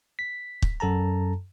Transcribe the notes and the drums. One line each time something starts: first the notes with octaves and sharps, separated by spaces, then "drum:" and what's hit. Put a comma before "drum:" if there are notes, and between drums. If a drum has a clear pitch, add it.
B6
drum: kick
F#2 A4 A5 A#5